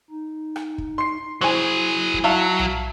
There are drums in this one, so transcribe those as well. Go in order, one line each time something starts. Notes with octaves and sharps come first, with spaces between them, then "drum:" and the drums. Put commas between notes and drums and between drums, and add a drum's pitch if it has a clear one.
D#4
drum: rim click
drum: kick
C6 C7
F#3 E4 G#4 C5 G#5
drum: kick
F#3 E5 F5 A5
drum: tom B1